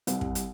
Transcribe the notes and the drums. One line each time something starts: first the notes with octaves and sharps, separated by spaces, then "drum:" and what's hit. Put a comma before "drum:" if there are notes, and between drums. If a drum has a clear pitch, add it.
C2, drum: hi-hat
drum: kick
drum: hi-hat